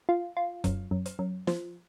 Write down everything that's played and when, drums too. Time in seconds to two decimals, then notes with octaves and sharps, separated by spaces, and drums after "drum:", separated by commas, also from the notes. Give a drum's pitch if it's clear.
0.09 F4
0.37 F4
0.64 F#2, drum: kick E1, hi-hat
0.91 F#2
1.06 drum: hi-hat
1.19 F#2
1.47 F3, drum: snare